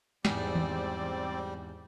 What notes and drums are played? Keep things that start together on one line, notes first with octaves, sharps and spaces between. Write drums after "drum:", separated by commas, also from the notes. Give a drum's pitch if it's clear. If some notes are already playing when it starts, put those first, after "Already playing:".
E2 G#2 G3 C4 D5, drum: snare
drum: tom D#3